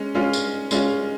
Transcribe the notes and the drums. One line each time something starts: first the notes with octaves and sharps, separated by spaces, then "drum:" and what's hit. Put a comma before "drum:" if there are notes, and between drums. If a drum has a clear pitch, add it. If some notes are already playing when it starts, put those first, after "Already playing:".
Already playing: G#3 C#4
G#3 C#4 F4
drum: tambourine
G#3 C#4 F4, drum: tambourine